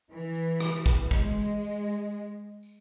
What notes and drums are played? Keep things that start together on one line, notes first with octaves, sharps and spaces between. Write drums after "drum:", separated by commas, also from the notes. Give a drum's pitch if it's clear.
E3
drum: tambourine
drum: rim click
drum: kick, tambourine
G#3, drum: kick, tambourine
drum: tambourine
drum: tambourine
drum: tambourine
drum: tambourine
drum: tambourine